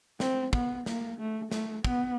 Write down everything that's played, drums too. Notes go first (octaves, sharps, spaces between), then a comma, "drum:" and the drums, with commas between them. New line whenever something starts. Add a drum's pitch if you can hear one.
C4, drum: snare
B3, drum: kick
A#3, drum: snare
A3
A3, drum: snare
B3, drum: kick